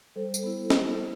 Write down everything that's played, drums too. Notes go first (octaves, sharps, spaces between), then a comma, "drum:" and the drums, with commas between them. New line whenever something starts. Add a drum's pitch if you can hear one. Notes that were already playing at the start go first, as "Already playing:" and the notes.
G3 A4 C5
drum: tambourine
B3 E4
drum: snare